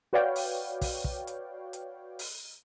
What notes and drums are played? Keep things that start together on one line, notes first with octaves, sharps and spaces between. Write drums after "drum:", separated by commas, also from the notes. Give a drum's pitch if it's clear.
F#4 B4 C#5 D5 F5 G5
drum: open hi-hat
drum: kick, open hi-hat
drum: kick
drum: hi-hat
drum: hi-hat
drum: open hi-hat